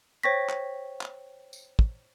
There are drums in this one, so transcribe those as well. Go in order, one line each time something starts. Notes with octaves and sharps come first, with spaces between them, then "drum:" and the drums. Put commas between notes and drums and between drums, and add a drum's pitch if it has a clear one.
C5 C#5 G5 C#6 A#6 B6
drum: clap
drum: clap
drum: tambourine
drum: kick